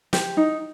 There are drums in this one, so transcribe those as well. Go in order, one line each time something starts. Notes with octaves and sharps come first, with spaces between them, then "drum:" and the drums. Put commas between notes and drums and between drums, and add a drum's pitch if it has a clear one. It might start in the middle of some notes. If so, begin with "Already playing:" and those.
G4, drum: snare
D#4